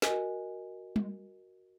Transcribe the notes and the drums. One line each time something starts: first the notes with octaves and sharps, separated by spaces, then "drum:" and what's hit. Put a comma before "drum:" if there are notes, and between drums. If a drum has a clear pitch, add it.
F#4 A#4 D#5 G#5, drum: snare
drum: tom G3